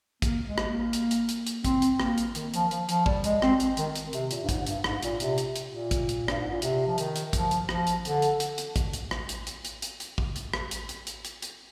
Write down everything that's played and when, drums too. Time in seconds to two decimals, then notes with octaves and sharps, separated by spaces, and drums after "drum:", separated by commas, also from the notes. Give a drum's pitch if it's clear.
0.22 A#3, drum: kick A1, hi-hat
0.46 G#3
0.58 drum: rim click
0.70 A#3
0.93 drum: hi-hat
1.11 drum: hi-hat
1.29 drum: hi-hat
1.47 drum: hi-hat
1.64 C4, drum: kick A1, hi-hat
1.82 drum: hi-hat
2.00 A#3, drum: rim click
2.18 drum: hi-hat
2.35 D#3, drum: hi-hat
2.54 F3, drum: hi-hat
2.71 F3, drum: hi-hat
2.89 F3, drum: hi-hat
3.06 G3, drum: kick A1
3.24 G#3, drum: hi-hat
3.42 C4, drum: rim click
3.60 drum: hi-hat
3.77 D#3, drum: hi-hat
3.96 drum: hi-hat
4.13 C3, drum: hi-hat
4.31 A#2, drum: hi-hat
4.44 G2
4.49 G#2, drum: kick A1, hi-hat
4.61 G#2
4.67 G2, drum: hi-hat
4.84 G#2, drum: rim click
5.03 A#2, drum: hi-hat
5.20 C3, drum: hi-hat
5.38 drum: hi-hat
5.56 drum: hi-hat
5.68 A#2
5.91 drum: kick A1, hi-hat
6.09 drum: hi-hat
6.28 G2, drum: rim click
6.40 G#2
6.51 A#2
6.62 C3, drum: hi-hat
6.87 F3
6.98 D#3, drum: hi-hat
7.16 drum: hi-hat
7.33 F3, drum: kick A1, hi-hat
7.51 drum: hi-hat
7.69 F3, drum: rim click
7.87 drum: hi-hat
8.05 D3, drum: hi-hat
8.22 drum: hi-hat
8.40 drum: hi-hat
8.58 drum: hi-hat
8.76 drum: kick A1, hi-hat
8.93 drum: hi-hat
9.11 drum: rim click
9.29 drum: hi-hat
9.47 drum: hi-hat
9.65 drum: hi-hat
9.82 drum: hi-hat
10.00 drum: hi-hat
10.18 drum: kick A1
10.36 drum: hi-hat
10.54 drum: rim click
10.71 drum: hi-hat
10.89 drum: hi-hat
11.07 drum: hi-hat
11.25 drum: hi-hat
11.42 drum: hi-hat